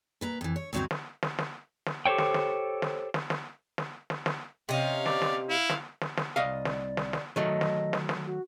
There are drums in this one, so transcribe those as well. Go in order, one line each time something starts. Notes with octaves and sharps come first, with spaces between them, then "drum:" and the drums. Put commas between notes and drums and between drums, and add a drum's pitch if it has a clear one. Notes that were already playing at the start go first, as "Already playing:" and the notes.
A#2 B4 A#5
F2 E3
C#5
D2 G2 F#3 C4 D#4 C#5
drum: snare
drum: snare
drum: snare
drum: snare
G4 A4 C5 C#5 G5
drum: snare
drum: snare
drum: snare
drum: snare
drum: snare
drum: snare
drum: snare
drum: snare
C3 C#4 D#5 F5
D5, drum: snare
drum: snare
E4 F5
drum: snare
drum: snare
drum: snare
C2 D5 D#5 F5
drum: snare
drum: snare
drum: snare
D#3 F#3 A3 D#5
drum: snare
drum: snare
drum: snare
F#4